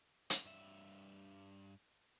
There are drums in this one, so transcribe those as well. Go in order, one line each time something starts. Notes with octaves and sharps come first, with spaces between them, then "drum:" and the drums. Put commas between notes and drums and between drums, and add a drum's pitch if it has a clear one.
drum: hi-hat
G2 E5